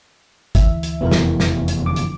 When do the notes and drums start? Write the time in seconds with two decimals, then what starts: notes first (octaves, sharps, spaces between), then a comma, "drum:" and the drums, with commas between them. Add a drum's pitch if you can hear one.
0.55 D2 E3 E5, drum: kick, hi-hat
0.83 drum: hi-hat
1.01 F1 E2 B3 E4 A#4
1.11 drum: snare
1.40 drum: snare
1.68 drum: hi-hat
1.86 D3 F3 D6
1.96 drum: hi-hat